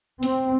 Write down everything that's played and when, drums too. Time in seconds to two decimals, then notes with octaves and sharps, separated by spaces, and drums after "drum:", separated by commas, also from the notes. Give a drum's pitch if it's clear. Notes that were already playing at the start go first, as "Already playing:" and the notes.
0.23 C4, drum: open hi-hat